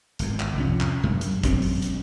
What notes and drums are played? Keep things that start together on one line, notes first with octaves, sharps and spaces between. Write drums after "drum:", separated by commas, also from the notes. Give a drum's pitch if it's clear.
G#1 E2, drum: hi-hat
drum: clap
C2 F2 C#4
drum: clap
F#2
drum: hi-hat
E1 F#2 C4 C#4, drum: kick, hi-hat
drum: open hi-hat
drum: hi-hat